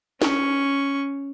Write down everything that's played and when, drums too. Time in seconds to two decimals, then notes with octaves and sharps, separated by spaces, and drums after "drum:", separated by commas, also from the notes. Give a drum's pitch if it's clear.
0.22 C#4 C#6, drum: snare